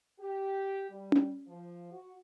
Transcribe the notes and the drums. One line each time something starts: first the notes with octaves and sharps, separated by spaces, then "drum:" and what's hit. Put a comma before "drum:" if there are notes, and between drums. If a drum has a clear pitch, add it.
G4
G3
drum: tom C#4
F3
F#4